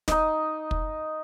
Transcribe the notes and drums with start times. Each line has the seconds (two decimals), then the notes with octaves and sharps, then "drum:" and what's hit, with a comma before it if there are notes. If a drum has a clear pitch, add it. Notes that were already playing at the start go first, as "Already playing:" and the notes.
0.08 D#4 D#5, drum: snare
0.71 drum: kick